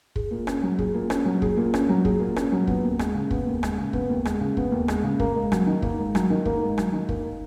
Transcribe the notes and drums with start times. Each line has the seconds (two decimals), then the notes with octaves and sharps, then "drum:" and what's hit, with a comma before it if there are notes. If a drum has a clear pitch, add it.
0.16 G#4, drum: kick
0.31 A#2
0.47 C#4, drum: rim click
0.63 F#3
0.79 G#4, drum: kick
0.94 A#2
1.10 C#4, drum: rim click
1.25 F#3
1.42 G#4, drum: kick
1.57 A#2
1.74 C#4, drum: rim click
1.89 F#3
2.05 G#4, drum: kick
2.20 A#2
2.36 C#4, drum: rim click
2.52 F#3
2.67 B3, drum: kick
2.83 D#2
2.99 G#3, drum: rim click
3.14 C#3
3.31 B3, drum: kick
3.47 D#2
3.63 G#3, drum: rim click
3.78 C#3
3.93 B3, drum: kick
4.10 D#2
4.25 G#3, drum: rim click
4.41 C#3
4.57 B3, drum: kick
4.72 D#2
4.88 G#3, drum: rim click
5.04 C#3
5.20 A#3, drum: kick
5.35 G#2
5.52 F#3, drum: rim click
5.67 D#3
5.82 A#3, drum: kick
5.98 G#2
6.15 F#3, drum: rim click
6.30 D#3
6.45 A#3, drum: kick
6.62 G#2
6.78 F#3, drum: rim click
6.93 D#3
7.09 A#3, drum: kick